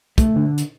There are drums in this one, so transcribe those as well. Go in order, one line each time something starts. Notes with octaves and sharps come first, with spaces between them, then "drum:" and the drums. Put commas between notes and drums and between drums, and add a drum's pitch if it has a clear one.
A3, drum: kick, hi-hat
D3
drum: hi-hat